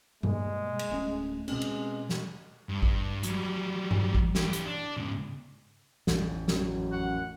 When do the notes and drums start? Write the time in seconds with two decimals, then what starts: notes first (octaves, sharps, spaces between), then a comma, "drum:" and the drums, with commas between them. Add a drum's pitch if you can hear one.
0.23 B2 G3 G#3 A#3, drum: tom G2
0.79 drum: cymbal
0.90 D1 A3 C#4
1.48 B2 G#3 C4 C#4, drum: cymbal
1.62 drum: cymbal
2.10 drum: snare
2.69 G2
2.82 drum: kick
3.23 F#3 G3, drum: hi-hat
3.91 drum: tom G2
4.15 drum: kick
4.35 E3 G4, drum: snare
4.53 drum: hi-hat
4.65 D4
4.97 G#2 C#3
6.07 A1 F2, drum: snare
6.48 F#2, drum: snare
6.92 F#5